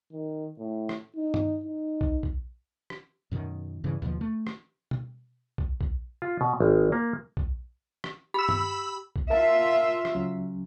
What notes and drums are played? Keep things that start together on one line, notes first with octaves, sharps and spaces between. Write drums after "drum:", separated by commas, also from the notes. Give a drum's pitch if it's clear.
D#3
A2
drum: rim click
D#4
drum: tom G2
D#4
drum: kick
drum: kick
drum: rim click
F#2 B2 D#3
G2 C#3 E3
D#2 B2 D3 F3
A3
drum: rim click
drum: tom B2
drum: kick
drum: kick
F4
B2
G#1
A#3
drum: kick
drum: rim click
G4 B5 E6
drum: tom G2
drum: kick
F4 A#4 E5 F5 A5
drum: rim click
C#2 F#3 C#4